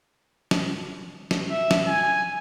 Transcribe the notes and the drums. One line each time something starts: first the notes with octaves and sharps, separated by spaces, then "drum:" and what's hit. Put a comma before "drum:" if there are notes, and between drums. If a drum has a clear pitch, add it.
drum: snare
drum: snare
E5
drum: snare
G#5